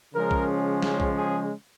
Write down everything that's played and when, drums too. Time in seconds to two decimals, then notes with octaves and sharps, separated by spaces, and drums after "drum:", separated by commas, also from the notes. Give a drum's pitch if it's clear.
0.13 C#3 F3 G#3 C#4 A#4
0.31 drum: kick B1
0.83 drum: snare
1.00 drum: kick B1
1.17 G#4